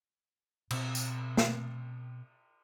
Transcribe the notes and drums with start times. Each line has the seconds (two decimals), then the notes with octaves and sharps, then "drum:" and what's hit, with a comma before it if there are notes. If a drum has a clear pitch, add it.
0.70 B2 C4, drum: cymbal
0.95 drum: tambourine
1.37 drum: snare